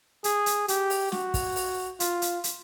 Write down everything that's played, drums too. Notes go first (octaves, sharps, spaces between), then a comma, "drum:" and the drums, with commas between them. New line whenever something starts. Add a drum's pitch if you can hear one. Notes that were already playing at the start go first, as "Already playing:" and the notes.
G#4, drum: hi-hat
drum: hi-hat
G4, drum: hi-hat
drum: open hi-hat
F#4, drum: snare
drum: kick, open hi-hat
drum: open hi-hat
F4, drum: hi-hat
drum: hi-hat
drum: hi-hat